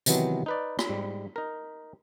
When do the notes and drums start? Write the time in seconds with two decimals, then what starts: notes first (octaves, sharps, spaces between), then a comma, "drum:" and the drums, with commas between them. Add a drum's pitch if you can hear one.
0.06 C3 D#3 E3 F#3 B3 C4, drum: tambourine
0.46 D#4 B4 D5
0.79 drum: rim click
0.89 G#2 G3
1.36 D#4 A#4